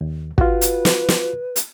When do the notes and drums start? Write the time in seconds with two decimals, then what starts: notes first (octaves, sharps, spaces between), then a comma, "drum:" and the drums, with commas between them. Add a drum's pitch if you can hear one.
0.01 D#2
0.38 F4 F#4 B4, drum: kick
0.61 drum: hi-hat
0.85 drum: snare
1.09 drum: snare
1.56 drum: hi-hat